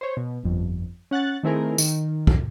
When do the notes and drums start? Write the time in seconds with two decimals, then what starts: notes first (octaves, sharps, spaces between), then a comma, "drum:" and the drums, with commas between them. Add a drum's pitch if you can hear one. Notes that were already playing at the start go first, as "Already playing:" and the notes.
0.01 C5 C#5
0.17 B2
0.44 G1 F2
1.11 C#4 F#5 F#6 A6
1.43 D#3 A3 C4 E4 G#4 A#4
1.78 D#3, drum: tambourine
2.27 drum: kick